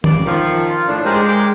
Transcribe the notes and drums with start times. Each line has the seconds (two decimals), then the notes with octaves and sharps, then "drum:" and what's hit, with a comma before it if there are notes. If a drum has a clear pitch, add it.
0.04 F#2 A#3 D5, drum: tom D#3
0.26 D#3 F3
0.69 F4
0.87 A2 D4
1.05 G#3 G4 A#4 C5
1.28 G5 D6